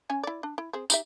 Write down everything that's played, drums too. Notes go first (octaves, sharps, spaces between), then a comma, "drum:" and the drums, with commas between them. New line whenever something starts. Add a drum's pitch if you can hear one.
C#4 C#5 G#5
E4 D5
D4
E4
C4 G#4
D#4 G4 E5, drum: tambourine